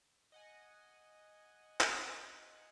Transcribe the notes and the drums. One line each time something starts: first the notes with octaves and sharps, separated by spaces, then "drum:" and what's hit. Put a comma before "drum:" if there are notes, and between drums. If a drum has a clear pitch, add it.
D#5 F#5 G#5
drum: clap